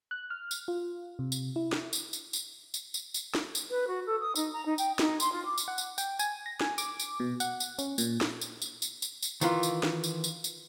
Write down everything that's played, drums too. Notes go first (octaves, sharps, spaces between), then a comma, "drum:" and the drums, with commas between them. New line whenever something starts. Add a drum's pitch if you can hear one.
F#6
F6
drum: tambourine
F4
C3
drum: tambourine
E4
drum: snare
drum: tambourine
drum: tambourine
drum: tambourine
drum: tambourine
drum: tambourine
drum: tambourine
drum: snare
drum: tambourine
B4
F#4
A4
D#6
D#4, drum: tambourine
A#5
D#4
G5, drum: tambourine
D#4, drum: snare
C6, drum: tambourine
F4
D6
drum: tambourine
F#5
drum: tambourine
G5, drum: tambourine
G#5, drum: tambourine
A#6
G#5, drum: snare
D6, drum: tambourine
drum: tambourine
B2
F#5, drum: tambourine
drum: tambourine
C#4, drum: tambourine
A#2, drum: tambourine
drum: snare
drum: tambourine
drum: tambourine
drum: tambourine
drum: tambourine
drum: tambourine
D#3 E3 F4, drum: tambourine
drum: tambourine
drum: snare
drum: tambourine
drum: tambourine
drum: tambourine